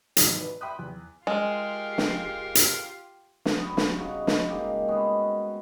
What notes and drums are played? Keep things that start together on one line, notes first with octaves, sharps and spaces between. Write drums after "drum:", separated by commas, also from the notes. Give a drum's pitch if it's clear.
G#1 B2 E3 D#4 D#6, drum: hi-hat
B4
E5 G5 B5 C6 D#6 F#6
E2
G#3 F4 G4 A#4
drum: snare
drum: hi-hat
drum: snare
G3 B3 F#4
drum: snare
C#3 D#4 F#4
drum: snare
G#3 A#3 G4
G#3 B3 C#4 F#4